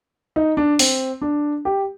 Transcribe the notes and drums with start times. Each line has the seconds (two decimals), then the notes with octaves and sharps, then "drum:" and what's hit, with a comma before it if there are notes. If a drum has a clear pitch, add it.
0.36 D#4
0.57 D4
0.79 C4, drum: open hi-hat
1.22 D4
1.65 G4